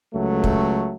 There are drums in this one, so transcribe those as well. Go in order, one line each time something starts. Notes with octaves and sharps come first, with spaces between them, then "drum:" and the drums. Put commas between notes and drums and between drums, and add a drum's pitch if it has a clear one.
C#2 F#3 A3
drum: kick